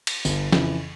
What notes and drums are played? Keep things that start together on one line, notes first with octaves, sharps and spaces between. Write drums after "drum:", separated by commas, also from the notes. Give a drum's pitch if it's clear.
drum: cymbal
G1, drum: tambourine
F2 C#3 E3, drum: snare